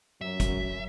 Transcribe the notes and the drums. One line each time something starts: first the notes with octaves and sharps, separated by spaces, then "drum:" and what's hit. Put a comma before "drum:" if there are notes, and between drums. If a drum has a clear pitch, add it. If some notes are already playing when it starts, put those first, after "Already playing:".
F#2 F#3 E5
drum: kick, hi-hat